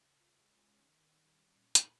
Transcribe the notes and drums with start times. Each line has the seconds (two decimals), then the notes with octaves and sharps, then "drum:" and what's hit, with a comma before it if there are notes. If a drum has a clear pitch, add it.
0.01 C#3
0.20 F4
0.40 G#3
0.58 C#4
0.78 D#3
0.98 D#3
1.17 G3
1.37 C#4
1.56 A#2
1.75 A#2, drum: hi-hat